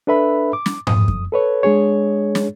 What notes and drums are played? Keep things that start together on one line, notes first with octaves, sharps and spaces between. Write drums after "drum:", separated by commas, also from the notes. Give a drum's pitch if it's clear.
D4 A4 B4 E5 B5
D6
drum: snare
F2 D#6, drum: tom G#2
drum: kick F#2
A4 B4 C#5
G#3 D4 G#4 C#5
drum: snare